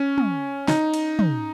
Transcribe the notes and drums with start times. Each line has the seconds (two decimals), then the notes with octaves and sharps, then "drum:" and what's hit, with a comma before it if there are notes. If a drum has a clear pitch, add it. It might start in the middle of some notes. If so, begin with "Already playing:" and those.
Already playing: C#4
0.18 drum: tom
0.68 D#4, drum: snare
0.94 drum: cymbal
1.19 drum: tom